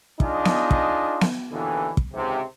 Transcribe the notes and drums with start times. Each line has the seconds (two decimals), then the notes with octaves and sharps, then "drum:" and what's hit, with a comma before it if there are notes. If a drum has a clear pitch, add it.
0.20 D4 D#4 F4 G#4 D#5, drum: kick
0.45 drum: snare B3
0.71 drum: kick
1.21 drum: snare B3
1.52 D#2 B2 D3 E3
1.97 drum: kick
2.14 C#2 G#2 C3